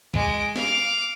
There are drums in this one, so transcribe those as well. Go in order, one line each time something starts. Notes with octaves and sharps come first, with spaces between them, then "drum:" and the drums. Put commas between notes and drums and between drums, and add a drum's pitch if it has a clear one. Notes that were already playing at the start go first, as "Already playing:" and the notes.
G#3 D6, drum: kick
F5 D6, drum: snare